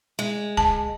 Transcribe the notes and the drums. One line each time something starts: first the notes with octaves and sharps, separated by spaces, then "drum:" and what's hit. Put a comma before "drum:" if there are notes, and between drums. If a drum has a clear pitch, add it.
G#3
A5, drum: kick